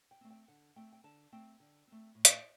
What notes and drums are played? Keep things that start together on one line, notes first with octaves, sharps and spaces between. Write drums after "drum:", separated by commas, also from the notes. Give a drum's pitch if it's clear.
G5
A3 C4
G5
D3 F#5
A3 C4 G5
G5
D3 A5
A3 C4 G5
D3
A3 C4
A2
drum: hi-hat